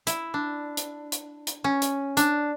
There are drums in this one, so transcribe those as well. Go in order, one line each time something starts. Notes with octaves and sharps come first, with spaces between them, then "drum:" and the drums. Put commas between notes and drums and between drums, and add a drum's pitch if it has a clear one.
E4, drum: hi-hat
D4
drum: hi-hat
drum: hi-hat
drum: hi-hat
C#4
drum: hi-hat
D4, drum: hi-hat